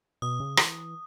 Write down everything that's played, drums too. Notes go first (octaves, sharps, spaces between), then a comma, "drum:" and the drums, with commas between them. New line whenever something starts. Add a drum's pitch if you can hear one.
B2 D#6
C#3
E3, drum: rim click